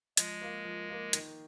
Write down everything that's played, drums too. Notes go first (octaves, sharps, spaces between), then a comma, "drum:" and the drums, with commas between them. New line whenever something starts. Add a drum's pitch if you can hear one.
F3 G#3, drum: hi-hat
A#3 F4
F3
A#3 F4
D#3, drum: hi-hat